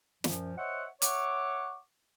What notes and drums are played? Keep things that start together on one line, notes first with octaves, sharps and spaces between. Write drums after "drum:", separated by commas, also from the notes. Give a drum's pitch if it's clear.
F#2 A#2 F3, drum: snare
C5 C#5 D#5 E5 F#5
C#5 E5 F#5 C#6 D6, drum: hi-hat